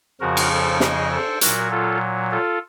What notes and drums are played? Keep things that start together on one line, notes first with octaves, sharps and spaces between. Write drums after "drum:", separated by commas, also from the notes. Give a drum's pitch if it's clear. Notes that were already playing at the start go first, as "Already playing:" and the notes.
F2 C#3 F3 F#4 A#4
drum: cymbal
A4 C5
C5 D#5, drum: snare
A4 C5
A#2 F#3 F#4 A#4, drum: hi-hat
F4 A4
F4 A4